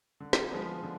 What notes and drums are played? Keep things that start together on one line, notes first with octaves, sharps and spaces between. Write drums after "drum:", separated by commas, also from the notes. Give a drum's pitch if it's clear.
D3
drum: snare
F3 G#3 B3
D3